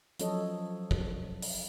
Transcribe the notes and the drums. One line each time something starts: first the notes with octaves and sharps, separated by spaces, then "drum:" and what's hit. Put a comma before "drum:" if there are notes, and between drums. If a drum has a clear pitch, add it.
F3 F#3 C#4 A4 C#5 D#5, drum: hi-hat
drum: kick
drum: open hi-hat